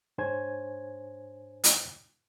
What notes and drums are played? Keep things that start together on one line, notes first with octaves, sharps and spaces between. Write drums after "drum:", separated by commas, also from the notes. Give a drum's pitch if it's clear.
G#2 D4 C5 C#5 G#5 G#6
drum: hi-hat